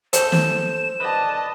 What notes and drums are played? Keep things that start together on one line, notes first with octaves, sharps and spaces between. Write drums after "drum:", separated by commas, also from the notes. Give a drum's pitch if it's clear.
A4 C5 G6 E7, drum: hi-hat
drum: snare
B4 D5 D#5 A5